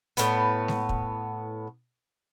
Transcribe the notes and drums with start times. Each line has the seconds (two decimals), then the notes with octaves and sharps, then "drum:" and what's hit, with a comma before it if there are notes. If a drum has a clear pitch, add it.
0.17 A2 B3, drum: hi-hat
0.68 drum: snare G#3
0.89 drum: kick